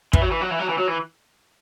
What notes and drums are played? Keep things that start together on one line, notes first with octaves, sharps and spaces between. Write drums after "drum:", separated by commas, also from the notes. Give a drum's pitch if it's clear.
E3, drum: kick
F#3
E3
F#3
E3
F#3
E3
F#3
E3